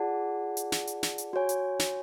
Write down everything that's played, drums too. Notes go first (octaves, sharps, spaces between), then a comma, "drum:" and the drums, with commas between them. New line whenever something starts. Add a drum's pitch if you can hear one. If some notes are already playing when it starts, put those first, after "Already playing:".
Already playing: F4 G#4 D5 F#5 A5
drum: hi-hat
drum: snare
drum: hi-hat
drum: snare
drum: hi-hat
F#4 C#5 G#5
drum: hi-hat
drum: snare